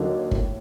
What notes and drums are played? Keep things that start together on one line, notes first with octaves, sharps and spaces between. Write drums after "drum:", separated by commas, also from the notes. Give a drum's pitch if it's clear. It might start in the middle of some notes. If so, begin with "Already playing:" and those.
Already playing: D#2 D3 F#3 A#3 D#4
A2, drum: kick